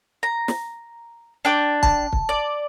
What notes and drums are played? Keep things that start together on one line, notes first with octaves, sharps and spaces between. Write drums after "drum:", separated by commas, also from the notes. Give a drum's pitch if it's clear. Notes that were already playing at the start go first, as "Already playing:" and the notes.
A#5
drum: snare
D4 G5 D6
A5, drum: kick
drum: kick
D5